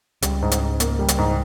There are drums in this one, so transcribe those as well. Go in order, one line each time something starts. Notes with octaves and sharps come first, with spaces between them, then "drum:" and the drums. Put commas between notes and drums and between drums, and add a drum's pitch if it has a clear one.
C#2 C#3 G3, drum: hi-hat
G#2
drum: hi-hat
G#2
A#3, drum: hi-hat
G3
drum: hi-hat
G#2